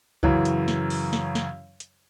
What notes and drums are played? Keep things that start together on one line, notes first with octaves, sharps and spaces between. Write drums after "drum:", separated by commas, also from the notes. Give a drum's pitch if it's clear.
F#2 C#3 E3, drum: kick C2
drum: hi-hat
drum: snare
drum: open hi-hat
drum: snare
drum: snare
drum: hi-hat